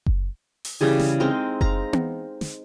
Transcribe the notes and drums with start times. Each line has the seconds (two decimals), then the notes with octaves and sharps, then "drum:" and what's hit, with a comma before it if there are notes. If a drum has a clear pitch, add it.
0.06 drum: kick F#1
0.65 drum: open hi-hat
0.81 C#3 E3 G3 G#4
0.99 drum: snare
1.20 G#3 C4 D#4 A#4
1.61 F5 A#5, drum: kick F#1
1.93 drum: tom B3
2.41 drum: snare